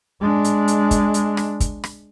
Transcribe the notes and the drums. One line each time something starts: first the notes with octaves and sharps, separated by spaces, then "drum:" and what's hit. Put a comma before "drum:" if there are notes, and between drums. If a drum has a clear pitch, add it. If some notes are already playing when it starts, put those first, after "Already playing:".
G#3 D4
drum: hi-hat
drum: hi-hat
drum: kick, hi-hat
drum: hi-hat
drum: rim click
drum: kick, hi-hat
drum: rim click